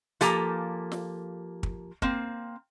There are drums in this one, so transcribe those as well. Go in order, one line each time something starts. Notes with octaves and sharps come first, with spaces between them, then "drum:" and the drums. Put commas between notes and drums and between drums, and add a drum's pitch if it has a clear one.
F3 A#3 G4 A4 G#5 A#5, drum: hi-hat
drum: snare
drum: kick
A#3 C4, drum: kick